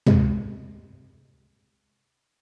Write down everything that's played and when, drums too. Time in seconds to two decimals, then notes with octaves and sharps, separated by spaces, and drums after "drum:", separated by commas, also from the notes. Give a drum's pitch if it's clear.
0.06 C3 G#3, drum: tom